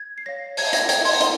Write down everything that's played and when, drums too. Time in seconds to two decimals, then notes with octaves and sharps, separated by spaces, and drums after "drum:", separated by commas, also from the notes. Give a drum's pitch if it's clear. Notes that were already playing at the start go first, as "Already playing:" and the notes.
Already playing: G#6
0.18 C7
0.26 C#5 F5 A#6
0.57 C5 G#6, drum: open hi-hat
0.73 A#6, drum: hi-hat
0.89 D#5 G5 G#6, drum: hi-hat
1.05 C6, drum: open hi-hat
1.21 C5 C6, drum: hi-hat